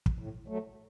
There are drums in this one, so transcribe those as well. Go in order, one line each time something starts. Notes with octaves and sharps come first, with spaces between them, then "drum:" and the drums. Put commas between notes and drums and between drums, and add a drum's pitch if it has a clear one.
drum: kick
A2
F#3 A3